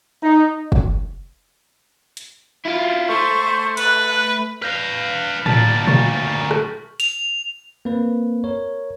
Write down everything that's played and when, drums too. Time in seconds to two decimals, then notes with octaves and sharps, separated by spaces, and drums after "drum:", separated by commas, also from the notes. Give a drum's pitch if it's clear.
0.23 D#4
0.72 drum: kick
2.17 drum: hi-hat
2.65 E4 F4
3.09 A3 C5 C#6
3.77 B4 F#6, drum: hi-hat
4.62 B4 F5 F6 G6 A#6
5.46 D2 A#2 A5 A6 B6 F#7, drum: tom A2
5.87 C#6, drum: tom A#2
6.51 drum: rim click
7.00 F7, drum: hi-hat
7.85 A#3 C4 B4
8.44 A#4 C#5